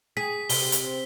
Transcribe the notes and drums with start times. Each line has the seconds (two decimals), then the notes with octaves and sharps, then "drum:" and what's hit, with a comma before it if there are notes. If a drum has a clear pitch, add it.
0.17 G#4 B6
0.49 C3 G7, drum: open hi-hat
0.72 drum: hi-hat